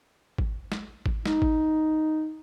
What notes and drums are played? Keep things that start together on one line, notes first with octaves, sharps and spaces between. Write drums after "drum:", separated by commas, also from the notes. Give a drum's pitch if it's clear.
drum: kick G#1
drum: snare
drum: kick G#1
D#4, drum: snare
drum: kick G#1